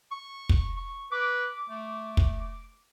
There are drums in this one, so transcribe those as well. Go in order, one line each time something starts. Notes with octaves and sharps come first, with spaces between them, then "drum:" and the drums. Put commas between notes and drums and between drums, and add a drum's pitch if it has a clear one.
C#6
drum: kick
C#6
B4 D6
A3
drum: kick